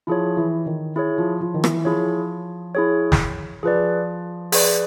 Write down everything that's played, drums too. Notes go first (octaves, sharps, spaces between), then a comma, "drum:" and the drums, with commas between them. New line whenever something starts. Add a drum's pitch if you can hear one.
F3 E4 G#4 C#5
E3
D#3
E4 G#4 C#5
F3
F3
D#3
E3, drum: rim click
F3 E4 G#4 C#5
E4 G#4 C#5
drum: snare
F3 G#4 B4 D5
G#4 B4 D5, drum: open hi-hat